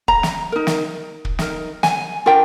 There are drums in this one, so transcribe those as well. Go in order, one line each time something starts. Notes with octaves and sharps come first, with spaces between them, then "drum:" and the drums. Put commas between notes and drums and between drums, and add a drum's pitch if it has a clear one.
A#5, drum: kick
drum: snare
D#4 A#4
drum: snare
drum: kick
D#4 A#4, drum: snare
G#5, drum: snare
D4 F4 A#4 G5